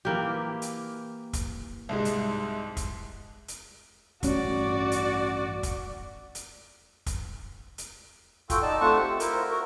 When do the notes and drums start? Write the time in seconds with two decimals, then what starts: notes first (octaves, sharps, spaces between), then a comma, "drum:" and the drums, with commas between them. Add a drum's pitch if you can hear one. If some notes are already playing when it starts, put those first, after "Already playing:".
0.05 E3 A#3 G4
0.62 drum: hi-hat
1.33 drum: kick, hi-hat
1.89 C2 G#2 G#3
2.05 drum: hi-hat
2.77 drum: kick, hi-hat
3.48 drum: hi-hat
4.23 A1 G2 C#4 F#4 D5, drum: kick, hi-hat
4.92 drum: hi-hat
5.63 drum: kick, hi-hat
6.35 drum: hi-hat
7.06 drum: kick, hi-hat
7.78 drum: hi-hat
8.50 F4 F#4 A4 G5, drum: kick, hi-hat
8.62 D#4 D5 A5
8.81 A3 C4 F4 F#5 A5 C#6
8.98 G4
9.20 E4 F4 A#4 C5, drum: hi-hat
9.50 F#4 A#4